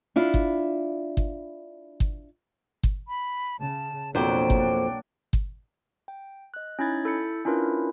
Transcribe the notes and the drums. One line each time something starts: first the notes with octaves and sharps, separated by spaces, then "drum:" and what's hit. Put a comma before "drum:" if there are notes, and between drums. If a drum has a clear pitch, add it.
D4 E4 F4
drum: kick G1
drum: kick G1
drum: kick G1
drum: kick G1
B5
C#3 A5
B1 F2 F#3 A#3 D4 C5 G5
drum: kick G1
drum: kick G1
G5
D#5 F#6
C#4 D#4 E4 B5 G#6 A6
E4 A4 B5 G6 A6 C#7
C#4 D4 E4 F4 A#4 B4